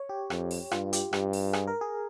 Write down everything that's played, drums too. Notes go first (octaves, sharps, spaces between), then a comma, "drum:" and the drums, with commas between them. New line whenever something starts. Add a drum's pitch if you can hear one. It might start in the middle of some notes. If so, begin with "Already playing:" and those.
Already playing: C#5
G4
F2, drum: rim click
drum: open hi-hat
G2 F4, drum: rim click
G4, drum: hi-hat
G2, drum: rim click
drum: open hi-hat
G#4, drum: rim click
A#4
G#4